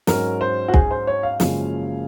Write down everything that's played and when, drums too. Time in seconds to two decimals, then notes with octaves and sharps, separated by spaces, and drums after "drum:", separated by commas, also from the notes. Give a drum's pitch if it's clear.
0.07 G#2 F#3 C#4 A#4, drum: snare
0.41 C5
0.68 F#4
0.74 G#4, drum: kick
0.91 C5
1.07 C#5
1.23 F5
1.40 F#1 F#2 F3 G#3 C#4, drum: snare